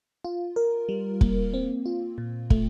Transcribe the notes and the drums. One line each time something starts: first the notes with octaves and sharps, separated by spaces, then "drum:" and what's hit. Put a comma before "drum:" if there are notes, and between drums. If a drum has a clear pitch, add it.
F4
A#4
G3
A#3, drum: kick
C4
F4
A#2
A3, drum: kick